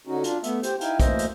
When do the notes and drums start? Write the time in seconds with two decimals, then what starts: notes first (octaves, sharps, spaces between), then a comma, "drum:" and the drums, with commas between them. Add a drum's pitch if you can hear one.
0.07 D3 C#4 D#4 F#4
0.24 D4 F4, drum: hi-hat
0.43 A3 B3 E5, drum: hi-hat
0.63 G4 C5, drum: hi-hat
0.81 D#4 E4 F5 G5 G#5, drum: hi-hat
1.00 D2 E3 A#3 C5 D#5 E5, drum: kick, hi-hat
1.19 drum: hi-hat